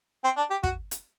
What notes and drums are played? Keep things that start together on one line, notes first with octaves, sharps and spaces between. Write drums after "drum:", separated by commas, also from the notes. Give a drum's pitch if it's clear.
C4
D4
G4
F#4, drum: kick
drum: hi-hat